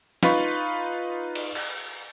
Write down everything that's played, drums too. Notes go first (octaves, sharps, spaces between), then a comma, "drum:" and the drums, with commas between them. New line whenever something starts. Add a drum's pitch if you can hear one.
D#4 F4 B4 F5 B5 C#6, drum: snare
drum: cymbal
drum: cymbal